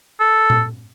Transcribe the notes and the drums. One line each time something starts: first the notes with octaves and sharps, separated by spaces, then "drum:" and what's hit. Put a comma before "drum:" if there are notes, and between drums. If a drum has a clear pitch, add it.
A4
drum: tom A#2